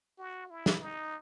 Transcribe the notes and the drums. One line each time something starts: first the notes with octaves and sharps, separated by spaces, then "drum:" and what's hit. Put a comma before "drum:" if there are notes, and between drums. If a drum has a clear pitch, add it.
F#4
E4
drum: snare
D#4